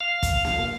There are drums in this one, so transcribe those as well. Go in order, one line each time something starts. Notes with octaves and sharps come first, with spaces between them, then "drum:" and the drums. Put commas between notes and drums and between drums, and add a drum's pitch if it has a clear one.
F5
drum: kick, hi-hat
drum: snare A#3